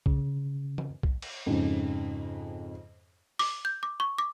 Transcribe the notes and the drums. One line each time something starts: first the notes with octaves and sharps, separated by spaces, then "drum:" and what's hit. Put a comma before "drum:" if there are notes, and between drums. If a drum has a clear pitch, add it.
C#3, drum: kick
drum: tom E3
drum: kick
drum: cymbal
F2 G#2 C#3
D6, drum: open hi-hat
G6
D6
C#6
D6